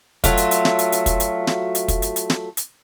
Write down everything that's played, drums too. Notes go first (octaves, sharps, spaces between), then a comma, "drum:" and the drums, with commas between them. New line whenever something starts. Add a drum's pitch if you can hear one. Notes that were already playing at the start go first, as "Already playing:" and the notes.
F#3 A3 F4, drum: kick, hi-hat
drum: hi-hat
drum: hi-hat
drum: snare
drum: hi-hat
drum: hi-hat
drum: kick, hi-hat
drum: hi-hat
drum: snare
drum: hi-hat
drum: kick, hi-hat
drum: hi-hat
drum: hi-hat
drum: snare
drum: hi-hat